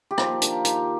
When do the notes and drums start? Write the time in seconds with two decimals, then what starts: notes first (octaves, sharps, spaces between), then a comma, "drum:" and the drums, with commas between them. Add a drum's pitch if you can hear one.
0.11 G4
0.18 D#3 F3 F4, drum: rim click
0.42 A#3 D4, drum: hi-hat
0.65 D#3, drum: hi-hat